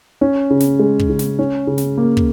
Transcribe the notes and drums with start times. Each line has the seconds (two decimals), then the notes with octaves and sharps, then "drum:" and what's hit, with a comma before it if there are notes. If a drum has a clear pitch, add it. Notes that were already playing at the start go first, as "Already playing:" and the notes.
0.21 C#4
0.50 C#3
0.60 drum: snare
0.79 G#3
0.99 drum: kick
1.09 C#3
1.19 drum: snare
1.39 C#4
1.67 C#3
1.78 drum: snare
1.97 A#3
2.17 drum: kick